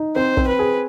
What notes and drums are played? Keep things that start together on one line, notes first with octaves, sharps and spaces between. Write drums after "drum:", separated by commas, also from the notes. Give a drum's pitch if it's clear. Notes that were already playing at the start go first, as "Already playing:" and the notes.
Already playing: D#4
C4 C5
C4, drum: kick
B4
G#4